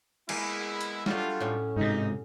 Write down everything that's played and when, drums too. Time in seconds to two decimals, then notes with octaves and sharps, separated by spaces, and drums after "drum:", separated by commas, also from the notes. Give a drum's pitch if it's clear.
0.29 G#3 A#3 B3 E4 G#4 G#5, drum: cymbal
0.81 drum: hi-hat
1.06 F#3 G3 A3 D4 F4, drum: snare
1.40 A2 C#4
1.76 G#2 C3 D#4